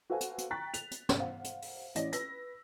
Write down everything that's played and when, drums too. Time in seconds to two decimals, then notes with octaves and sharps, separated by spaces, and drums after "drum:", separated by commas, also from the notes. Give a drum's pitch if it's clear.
0.10 F#4 A4 B4 C5 F5 G#5
0.21 drum: hi-hat
0.38 drum: hi-hat
0.51 G5 A#5 C#6 F#6 A6 B6
0.74 F7, drum: hi-hat
0.91 drum: hi-hat
1.09 drum: snare
1.18 C5 F5 F#5
1.44 drum: hi-hat
1.62 drum: open hi-hat
1.95 A1 E3 C#4 D5 D#5 A#6, drum: hi-hat
2.12 B4 E6 A#6 B6, drum: hi-hat